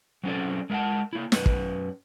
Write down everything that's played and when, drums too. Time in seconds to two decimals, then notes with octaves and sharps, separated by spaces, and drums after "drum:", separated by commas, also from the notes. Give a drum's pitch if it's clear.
0.24 F#3 C4 C#4 A4 D5
0.70 G#3 A#4 E5 F#5 A5
1.13 A#3 E4
1.32 F#2 B4 C#5, drum: snare
1.46 drum: kick